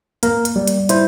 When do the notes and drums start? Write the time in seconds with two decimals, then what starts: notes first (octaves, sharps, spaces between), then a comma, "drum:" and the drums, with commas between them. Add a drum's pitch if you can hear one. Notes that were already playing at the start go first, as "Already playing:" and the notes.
0.23 A#3 A#4, drum: hi-hat
0.45 drum: hi-hat
0.56 G3
0.68 drum: hi-hat
0.89 E4 C5, drum: hi-hat